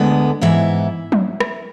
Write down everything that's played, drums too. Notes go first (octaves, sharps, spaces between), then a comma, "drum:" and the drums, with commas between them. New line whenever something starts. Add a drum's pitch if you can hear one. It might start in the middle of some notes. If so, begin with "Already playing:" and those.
Already playing: D2 D3 G#3 B3
G#2 E3 B3 E4 E5
drum: tom
drum: rim click